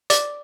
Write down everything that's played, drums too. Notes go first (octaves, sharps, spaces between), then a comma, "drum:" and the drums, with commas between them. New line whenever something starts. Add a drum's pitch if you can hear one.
D5, drum: hi-hat